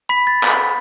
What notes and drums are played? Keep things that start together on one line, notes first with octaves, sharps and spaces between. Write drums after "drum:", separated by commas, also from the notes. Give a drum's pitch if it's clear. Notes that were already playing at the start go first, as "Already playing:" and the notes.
B5 B6
A6
drum: clap